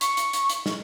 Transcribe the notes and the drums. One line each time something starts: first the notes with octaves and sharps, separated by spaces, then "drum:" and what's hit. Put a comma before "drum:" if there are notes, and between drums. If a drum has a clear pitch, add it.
C#6, drum: hi-hat
drum: hi-hat
drum: hi-hat
drum: hi-hat
drum: snare